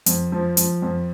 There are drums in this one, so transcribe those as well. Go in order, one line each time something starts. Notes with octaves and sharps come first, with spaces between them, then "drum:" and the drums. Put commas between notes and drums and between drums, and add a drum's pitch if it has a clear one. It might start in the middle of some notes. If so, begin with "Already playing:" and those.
F2, drum: hi-hat
F3
F3, drum: hi-hat
F2